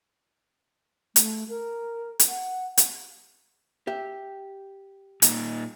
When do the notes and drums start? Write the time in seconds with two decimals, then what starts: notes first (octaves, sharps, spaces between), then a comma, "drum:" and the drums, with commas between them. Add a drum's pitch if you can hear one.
1.16 A3, drum: hi-hat
1.49 A#4
2.19 drum: hi-hat
2.29 F#5
2.77 drum: hi-hat
3.87 G4 E5
5.22 A#2 D#4, drum: hi-hat